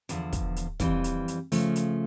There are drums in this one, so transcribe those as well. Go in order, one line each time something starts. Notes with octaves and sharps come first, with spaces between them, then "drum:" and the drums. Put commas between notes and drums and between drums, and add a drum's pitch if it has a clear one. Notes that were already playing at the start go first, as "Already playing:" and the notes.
E2 D3 F3, drum: hi-hat
drum: kick, hi-hat
drum: hi-hat
F2 E3 G3, drum: kick, hi-hat
drum: hi-hat
drum: hi-hat
C#3 F3 A3, drum: open hi-hat
drum: hi-hat